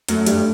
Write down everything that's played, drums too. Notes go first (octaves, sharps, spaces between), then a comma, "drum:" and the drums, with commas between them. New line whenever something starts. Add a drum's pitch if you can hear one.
F#2 F#3 A3, drum: hi-hat
G2 G3, drum: hi-hat